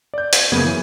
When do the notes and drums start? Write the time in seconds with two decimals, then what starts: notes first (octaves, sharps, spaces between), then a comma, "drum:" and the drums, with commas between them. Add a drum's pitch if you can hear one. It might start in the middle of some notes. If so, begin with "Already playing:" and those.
0.14 D5 G6
0.33 G#6, drum: hi-hat
0.52 F#2 C#3 A#3 B3 G#6 D#7
0.64 E3